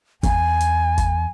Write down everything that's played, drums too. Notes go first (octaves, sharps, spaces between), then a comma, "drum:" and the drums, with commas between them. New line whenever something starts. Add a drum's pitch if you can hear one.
E2 G#5, drum: kick G#1, hi-hat
drum: hi-hat
drum: kick G#1, hi-hat